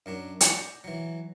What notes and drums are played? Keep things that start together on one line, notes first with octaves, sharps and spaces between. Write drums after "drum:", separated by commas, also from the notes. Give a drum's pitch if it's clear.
F#2 F#3 D4
D5 F#5 G5 A5 A#5, drum: hi-hat
E3 F#3